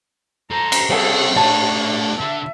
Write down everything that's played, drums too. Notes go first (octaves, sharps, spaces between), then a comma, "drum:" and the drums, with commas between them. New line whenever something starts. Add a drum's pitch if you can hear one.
A4 C5 A#5
drum: cymbal
G3 C4 G#4 A4, drum: cymbal
A3 D4 C#5 A5
D3 E5